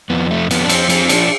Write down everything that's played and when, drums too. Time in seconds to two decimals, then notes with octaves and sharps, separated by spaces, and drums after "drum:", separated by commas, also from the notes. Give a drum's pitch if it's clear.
0.10 F2 B3
0.31 A3
0.51 F2 B3, drum: cymbal
0.64 D4
0.69 C4, drum: cymbal
0.90 F3 C4, drum: cymbal
1.09 D4, drum: cymbal